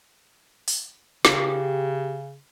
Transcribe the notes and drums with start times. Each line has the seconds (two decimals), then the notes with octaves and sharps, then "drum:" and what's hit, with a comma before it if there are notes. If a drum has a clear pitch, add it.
0.68 drum: open hi-hat
1.25 C#3 G4, drum: snare